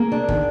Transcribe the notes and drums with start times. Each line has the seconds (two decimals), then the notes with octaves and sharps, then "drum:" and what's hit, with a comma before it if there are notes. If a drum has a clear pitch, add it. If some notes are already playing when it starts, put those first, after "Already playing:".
Already playing: A#3 G#4
0.12 D4
0.29 D#3, drum: kick